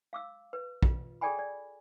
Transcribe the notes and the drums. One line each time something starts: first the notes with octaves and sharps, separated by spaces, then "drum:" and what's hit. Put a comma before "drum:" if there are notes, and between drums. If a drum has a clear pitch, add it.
F5 D6 E6
B4
F4, drum: kick
G#4 A4 D5 G5 G#5 B5
D5